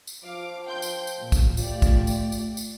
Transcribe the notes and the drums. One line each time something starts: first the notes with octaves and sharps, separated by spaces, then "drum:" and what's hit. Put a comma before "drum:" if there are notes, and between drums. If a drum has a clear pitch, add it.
drum: tambourine
F3 F5 D6
G5 C6 G6
drum: tambourine
drum: tambourine
A#2
drum: kick, tambourine
A3 F4 G4 D5, drum: tambourine
drum: kick, tambourine
drum: tambourine
drum: tambourine
drum: tambourine